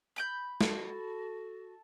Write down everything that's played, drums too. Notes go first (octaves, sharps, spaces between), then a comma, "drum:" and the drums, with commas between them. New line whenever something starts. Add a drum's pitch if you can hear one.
B5 D6 G6
F#4 A4, drum: snare